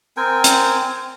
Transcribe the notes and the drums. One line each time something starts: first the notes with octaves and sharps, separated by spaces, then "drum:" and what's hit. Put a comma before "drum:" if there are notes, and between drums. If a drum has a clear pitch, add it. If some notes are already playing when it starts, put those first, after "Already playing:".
C4 A#4 G5 G#5
drum: hi-hat